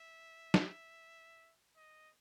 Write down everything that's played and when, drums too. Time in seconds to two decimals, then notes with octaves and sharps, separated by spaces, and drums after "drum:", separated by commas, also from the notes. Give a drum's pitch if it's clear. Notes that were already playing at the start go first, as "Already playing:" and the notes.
Already playing: E5
0.54 drum: snare
1.77 D#5